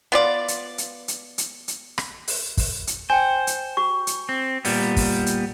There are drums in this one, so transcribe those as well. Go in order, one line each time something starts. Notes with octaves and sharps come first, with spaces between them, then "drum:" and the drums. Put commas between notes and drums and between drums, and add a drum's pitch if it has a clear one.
B3 F4 D5
drum: hi-hat
drum: hi-hat
drum: hi-hat
drum: hi-hat
drum: hi-hat
drum: rim click
drum: open hi-hat
drum: kick, open hi-hat
drum: hi-hat
C5 G5 G#5
drum: hi-hat
F#4 C#6
drum: hi-hat
C4
A#2 G3 B3, drum: open hi-hat
drum: kick, open hi-hat
drum: hi-hat